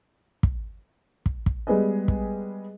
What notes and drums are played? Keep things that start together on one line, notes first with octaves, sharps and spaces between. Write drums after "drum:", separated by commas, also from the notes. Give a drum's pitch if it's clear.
drum: kick
drum: kick
drum: kick
G3 G#3 B3 G#4 B4 D#5
drum: kick